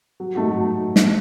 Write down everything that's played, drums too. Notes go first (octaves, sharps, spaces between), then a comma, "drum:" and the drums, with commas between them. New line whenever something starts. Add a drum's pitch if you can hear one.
F#3
A3 D#4 F#4
F#3
drum: snare